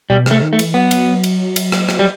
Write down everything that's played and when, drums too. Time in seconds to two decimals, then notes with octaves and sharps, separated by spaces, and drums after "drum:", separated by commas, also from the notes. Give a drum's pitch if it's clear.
0.10 B2 G3
0.26 C3 A3, drum: rim click
0.42 D#3
0.53 A3
0.59 E3, drum: cymbal
0.74 F#3 B3
0.91 drum: cymbal
1.24 drum: cymbal
1.56 drum: cymbal
1.72 drum: rim click
1.89 drum: rim click
1.99 G3